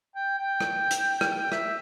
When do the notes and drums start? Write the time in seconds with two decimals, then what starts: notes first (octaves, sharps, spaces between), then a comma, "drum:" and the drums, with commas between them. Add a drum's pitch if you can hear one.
0.15 G5
0.38 G5
0.60 drum: rim click
0.91 drum: hi-hat
1.21 drum: rim click
1.52 E5, drum: rim click